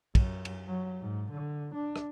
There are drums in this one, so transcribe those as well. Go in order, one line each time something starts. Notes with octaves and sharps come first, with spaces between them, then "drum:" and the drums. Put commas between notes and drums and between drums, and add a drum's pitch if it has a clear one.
F#2, drum: kick, cymbal
drum: cymbal
F#3
G#2
D3
D4
drum: rim click